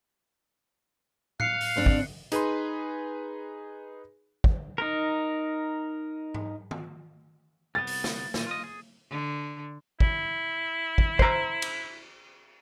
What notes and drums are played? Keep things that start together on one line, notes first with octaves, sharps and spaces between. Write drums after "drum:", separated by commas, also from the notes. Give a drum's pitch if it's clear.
F5 F#6 C7 C#7, drum: tom A2
drum: open hi-hat
G#2 C4 D4
drum: kick
D#4 G#4 B4 G#5 B5 C6, drum: hi-hat
drum: kick
D#4 A#4
drum: tom G#2
drum: tom
C2 B3 A6
drum: open hi-hat
drum: snare
A#2 E3, drum: snare
F4 D#5
G#4
D3
E4, drum: kick
drum: kick
C5 A#5, drum: kick
drum: cymbal